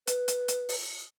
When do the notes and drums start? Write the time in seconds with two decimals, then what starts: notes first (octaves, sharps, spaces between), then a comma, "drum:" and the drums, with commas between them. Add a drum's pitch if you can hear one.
0.07 B4, drum: hi-hat
0.28 drum: hi-hat
0.48 drum: hi-hat
0.69 drum: open hi-hat